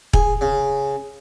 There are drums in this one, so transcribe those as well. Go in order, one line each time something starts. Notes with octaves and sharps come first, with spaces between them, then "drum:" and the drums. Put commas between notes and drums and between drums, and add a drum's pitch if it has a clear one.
G#4, drum: kick
C#3